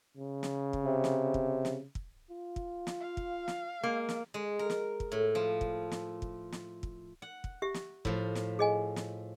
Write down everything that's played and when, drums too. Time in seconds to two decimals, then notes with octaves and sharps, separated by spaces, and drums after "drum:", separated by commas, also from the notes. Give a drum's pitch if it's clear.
0.17 C#3
0.43 drum: snare
0.73 drum: kick
0.85 C3
1.04 drum: snare
1.34 drum: kick
1.65 drum: snare
1.95 drum: kick
2.31 F4
2.56 drum: kick
2.87 drum: snare
3.00 F5
3.17 drum: kick
3.48 drum: snare
3.83 G#3 A#3
4.09 drum: snare
4.34 G#3
4.59 A#4
4.70 drum: snare
5.00 drum: kick
5.12 A2
5.35 F3
5.61 drum: kick
5.91 drum: snare
6.22 drum: kick
6.52 drum: snare
6.83 drum: kick
7.22 F#5
7.44 drum: kick
7.62 G4 E5
7.74 drum: snare
8.05 A2 F3, drum: kick
8.35 drum: snare
8.59 G#4 D#5 G#5
8.96 drum: snare